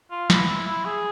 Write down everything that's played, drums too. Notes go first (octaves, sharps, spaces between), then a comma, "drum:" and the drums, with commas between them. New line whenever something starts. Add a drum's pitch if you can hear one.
F4
E4, drum: snare
E4
E4
G#4